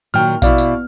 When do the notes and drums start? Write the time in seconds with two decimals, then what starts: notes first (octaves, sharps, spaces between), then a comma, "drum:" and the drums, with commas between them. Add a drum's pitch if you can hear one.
0.14 A#2 D#3 F#3 G5 F6
0.42 B2 E4 D5 F5, drum: kick A#1, tambourine
0.58 drum: tambourine